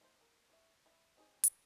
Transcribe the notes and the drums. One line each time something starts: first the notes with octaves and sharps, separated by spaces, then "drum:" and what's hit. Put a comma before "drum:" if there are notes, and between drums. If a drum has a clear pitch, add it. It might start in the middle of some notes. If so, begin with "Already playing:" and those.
A3 D#4 C5
A#4
C#5 E5
E5 B5
C4 D#4 G4 G#4 C#5
drum: hi-hat